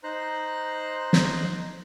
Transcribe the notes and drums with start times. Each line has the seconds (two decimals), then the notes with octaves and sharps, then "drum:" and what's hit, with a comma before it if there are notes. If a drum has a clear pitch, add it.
0.04 D#4 C5 A#5 F#6
1.13 drum: snare